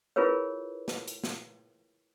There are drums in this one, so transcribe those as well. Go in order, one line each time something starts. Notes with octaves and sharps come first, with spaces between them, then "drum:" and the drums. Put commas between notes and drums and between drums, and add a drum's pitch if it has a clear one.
E4 F4 G#4 A#4 B4 C#5
drum: snare
drum: hi-hat
drum: snare